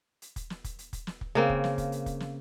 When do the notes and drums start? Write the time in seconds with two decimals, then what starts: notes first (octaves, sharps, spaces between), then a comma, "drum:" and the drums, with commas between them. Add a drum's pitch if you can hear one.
0.22 drum: hi-hat
0.36 drum: kick, hi-hat
0.50 drum: snare
0.64 drum: kick, hi-hat
0.79 drum: hi-hat
0.93 drum: kick, hi-hat
1.07 drum: snare
1.21 drum: kick
1.35 C#3 A#3 C4
1.49 drum: kick
1.64 drum: snare
1.78 drum: kick, hi-hat
1.92 drum: hi-hat
2.06 drum: kick, hi-hat
2.20 drum: snare